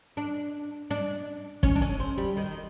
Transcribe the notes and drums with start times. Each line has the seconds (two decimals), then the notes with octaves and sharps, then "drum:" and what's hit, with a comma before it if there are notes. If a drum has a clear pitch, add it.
0.17 D4
0.91 D4
1.63 C#4, drum: kick
1.75 D4
1.82 C#4
2.00 C4
2.18 G3
2.37 D#3